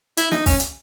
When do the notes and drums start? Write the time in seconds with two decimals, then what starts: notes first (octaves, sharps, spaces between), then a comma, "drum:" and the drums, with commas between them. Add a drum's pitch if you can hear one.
0.17 E4, drum: hi-hat
0.31 D#4, drum: snare
0.46 C#4, drum: kick, open hi-hat
0.60 drum: hi-hat